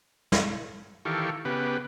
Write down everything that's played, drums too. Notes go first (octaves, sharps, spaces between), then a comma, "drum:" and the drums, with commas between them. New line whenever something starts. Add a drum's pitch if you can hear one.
drum: snare
D#3 E3 G4 A4 F5 C#6
C#3 B3 G4 B4